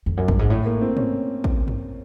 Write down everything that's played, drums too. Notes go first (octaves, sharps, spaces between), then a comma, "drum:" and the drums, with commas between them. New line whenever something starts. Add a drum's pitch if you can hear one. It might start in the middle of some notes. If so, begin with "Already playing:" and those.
F2
F#2
G2, drum: kick
G#2
A2 A3
A#3
C4
C#4, drum: tom
drum: kick
drum: tom